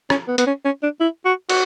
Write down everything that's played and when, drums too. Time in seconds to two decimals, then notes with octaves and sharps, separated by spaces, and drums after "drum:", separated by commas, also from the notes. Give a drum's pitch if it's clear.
0.10 C#4, drum: rim click
0.28 B3
0.38 B3, drum: hi-hat
0.47 C#4
0.65 C#4
0.83 D4
1.00 E4
1.25 F#4
1.49 F#4, drum: cymbal